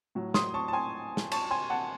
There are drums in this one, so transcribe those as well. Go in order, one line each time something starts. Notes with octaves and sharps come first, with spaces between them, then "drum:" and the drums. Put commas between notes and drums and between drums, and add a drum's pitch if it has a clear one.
A2 F#3
C6 D#6, drum: snare
A5 C#6
A5
G#5 C6
drum: snare
A5 C#6, drum: cymbal
G#5 C6
F#5 A5